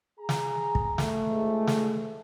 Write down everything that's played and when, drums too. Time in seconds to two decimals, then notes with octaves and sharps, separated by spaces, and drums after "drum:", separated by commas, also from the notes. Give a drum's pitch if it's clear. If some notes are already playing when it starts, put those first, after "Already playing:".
0.20 G#4 A#5
0.29 drum: snare
0.75 drum: kick
0.98 A3, drum: snare
1.29 C#2 G#2 G#3
1.67 drum: snare